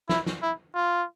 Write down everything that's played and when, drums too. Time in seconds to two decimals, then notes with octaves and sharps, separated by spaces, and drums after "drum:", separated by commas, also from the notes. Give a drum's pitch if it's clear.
0.09 E4, drum: snare
0.26 drum: snare
0.42 E4
0.75 F4